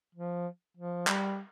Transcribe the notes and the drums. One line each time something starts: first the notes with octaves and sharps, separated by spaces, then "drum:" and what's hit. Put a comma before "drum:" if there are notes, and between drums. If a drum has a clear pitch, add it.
F3
F3
G3, drum: clap